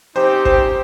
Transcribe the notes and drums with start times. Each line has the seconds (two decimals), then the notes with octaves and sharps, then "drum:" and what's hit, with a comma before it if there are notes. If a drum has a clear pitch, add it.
0.15 C4 D#4 G4 C5
0.45 C5, drum: kick G#1